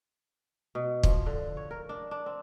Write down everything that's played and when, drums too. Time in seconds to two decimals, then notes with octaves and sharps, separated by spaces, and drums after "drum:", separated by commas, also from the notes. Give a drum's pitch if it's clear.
0.75 B2
1.03 F3, drum: kick
1.26 D3
1.57 C#5
1.71 A#4
1.89 D4
2.11 D4
2.26 C4